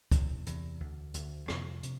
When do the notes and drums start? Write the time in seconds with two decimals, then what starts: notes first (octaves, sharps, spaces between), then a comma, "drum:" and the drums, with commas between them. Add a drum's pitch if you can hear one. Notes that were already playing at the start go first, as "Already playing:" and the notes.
0.12 E2 C3 E3, drum: kick C#2, hi-hat
0.46 E2 C3, drum: hi-hat
0.80 D2 D3
1.14 D2 D3, drum: hi-hat
1.48 F2 C3 F3, drum: rim click
1.83 C3, drum: hi-hat